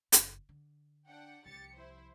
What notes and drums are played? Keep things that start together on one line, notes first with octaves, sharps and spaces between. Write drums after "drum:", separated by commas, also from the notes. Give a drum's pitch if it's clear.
F#1, drum: hi-hat
D3
D4 F#5 G5
C2 F3 G4 A6 C#7
E4 C5